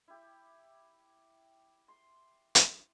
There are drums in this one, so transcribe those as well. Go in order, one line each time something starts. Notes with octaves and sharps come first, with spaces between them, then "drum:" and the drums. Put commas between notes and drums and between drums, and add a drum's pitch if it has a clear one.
E4 G4
C6
drum: hi-hat